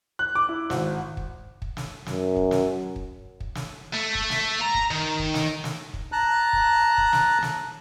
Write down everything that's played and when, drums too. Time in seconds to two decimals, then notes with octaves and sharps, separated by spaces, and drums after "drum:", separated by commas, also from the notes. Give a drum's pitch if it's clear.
0.19 F#6
0.35 D6
0.49 E4
0.70 G#1, drum: snare
1.17 drum: kick
1.62 drum: kick
1.77 drum: snare
2.06 F#2, drum: snare
2.36 drum: kick
2.51 drum: snare
2.96 drum: kick
3.40 drum: kick
3.55 drum: snare
3.93 A3
4.15 drum: kick
4.30 drum: snare
4.61 A#5
4.74 drum: kick
4.91 D#3
5.19 drum: kick
5.34 drum: snare
5.64 drum: snare
5.94 drum: kick
6.12 A5 A#5 F#6
6.53 drum: kick
6.98 drum: kick
7.13 drum: snare
7.43 drum: snare